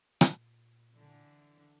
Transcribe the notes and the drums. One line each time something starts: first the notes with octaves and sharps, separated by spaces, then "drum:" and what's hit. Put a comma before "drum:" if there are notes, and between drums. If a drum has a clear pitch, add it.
A#2, drum: rim click
D3 E3